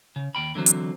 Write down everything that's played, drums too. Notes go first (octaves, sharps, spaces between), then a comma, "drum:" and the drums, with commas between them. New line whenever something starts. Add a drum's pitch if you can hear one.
C#3
D#2 G5 B5
D3 E3 F#3 C4
drum: hi-hat